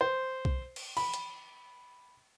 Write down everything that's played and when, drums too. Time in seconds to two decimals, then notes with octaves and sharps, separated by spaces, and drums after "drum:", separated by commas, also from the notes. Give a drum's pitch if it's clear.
0.01 C5
0.45 drum: kick
0.76 drum: cymbal
0.97 B5, drum: cymbal
1.14 drum: hi-hat